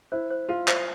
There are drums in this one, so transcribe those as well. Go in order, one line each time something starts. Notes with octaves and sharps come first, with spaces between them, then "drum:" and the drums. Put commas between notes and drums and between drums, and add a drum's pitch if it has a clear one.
E4 C5
C5
F4 F5
C5, drum: clap